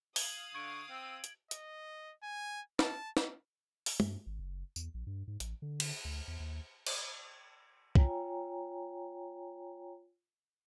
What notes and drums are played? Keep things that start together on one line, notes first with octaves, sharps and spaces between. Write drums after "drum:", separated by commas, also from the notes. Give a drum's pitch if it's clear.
F5 D#6 G#6 F#7, drum: open hi-hat
D3 C#6 G#6 D7
C4 G5 E6
drum: hi-hat
D#5, drum: hi-hat
G#5
A5, drum: snare
drum: snare
drum: open hi-hat
G2, drum: tom
G#1
F#1
E2, drum: tambourine
A#1
G2
G#2
A1, drum: hi-hat
D3
drum: cymbal
D2
E2
D#2
drum: cymbal
F4 C#5 G5 G#5 A#5, drum: kick